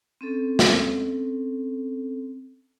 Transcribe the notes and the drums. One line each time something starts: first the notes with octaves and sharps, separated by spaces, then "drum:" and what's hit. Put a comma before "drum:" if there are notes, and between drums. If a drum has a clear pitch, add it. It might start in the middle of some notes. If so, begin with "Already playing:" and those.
C4 C#4 A4
drum: snare